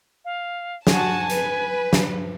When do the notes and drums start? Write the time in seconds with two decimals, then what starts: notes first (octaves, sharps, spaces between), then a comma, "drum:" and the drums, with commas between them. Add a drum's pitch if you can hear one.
0.25 F5
0.87 F#4 G#5 A5, drum: snare
1.30 B4, drum: hi-hat
1.93 drum: snare